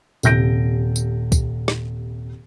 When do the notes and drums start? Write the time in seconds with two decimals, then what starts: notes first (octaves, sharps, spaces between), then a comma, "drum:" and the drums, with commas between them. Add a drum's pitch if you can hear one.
0.23 D#1 C3 G6 A#6 D7, drum: tambourine
0.96 drum: tambourine
1.32 drum: kick C2, tambourine
1.68 drum: rim click